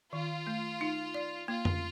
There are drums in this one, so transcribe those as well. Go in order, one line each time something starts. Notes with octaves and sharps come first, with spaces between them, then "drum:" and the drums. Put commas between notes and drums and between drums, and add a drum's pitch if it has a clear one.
D#3 F4
A3
D#4
D5
A#3 F4
drum: tom F2